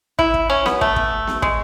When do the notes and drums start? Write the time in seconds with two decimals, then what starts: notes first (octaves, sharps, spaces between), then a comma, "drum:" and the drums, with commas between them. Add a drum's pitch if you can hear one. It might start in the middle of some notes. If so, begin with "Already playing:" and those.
0.19 E4, drum: kick
0.34 drum: kick
0.50 C#4
0.66 B3, drum: snare B3
0.81 A3, drum: kick
0.96 drum: kick
1.27 drum: snare B3
1.42 G#3, drum: kick